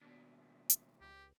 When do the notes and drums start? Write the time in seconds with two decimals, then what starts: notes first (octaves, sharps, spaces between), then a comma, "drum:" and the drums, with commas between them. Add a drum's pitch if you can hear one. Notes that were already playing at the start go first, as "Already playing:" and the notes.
0.01 D#2 B2 D4
0.70 drum: hi-hat
1.01 C#2 G4